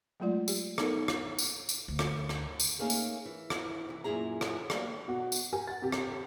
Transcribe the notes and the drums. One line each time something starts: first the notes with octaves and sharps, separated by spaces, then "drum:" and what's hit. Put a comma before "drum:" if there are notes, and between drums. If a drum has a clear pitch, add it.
F#3 G#3 A3 F4 D5
G4, drum: tambourine
B3 D#4 A4 A#4, drum: rim click
drum: rim click
drum: tambourine
drum: tambourine
D2
drum: rim click
drum: rim click
drum: tambourine
A3 A#3 C#4 D#4 G#4 A#4
drum: tambourine
E3
drum: rim click
C3 E3
F#2 A#2 F3 E4 G#4 A#5
drum: rim click
F#3 G3 A#3 B3, drum: rim click
B2 F#4
drum: tambourine
G4 A#4 G#5
F#5 A6
C3 G4
drum: rim click